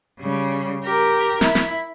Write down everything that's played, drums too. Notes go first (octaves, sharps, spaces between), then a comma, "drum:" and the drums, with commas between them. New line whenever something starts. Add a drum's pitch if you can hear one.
C#3 G3
G4 A#4
E4, drum: snare
drum: snare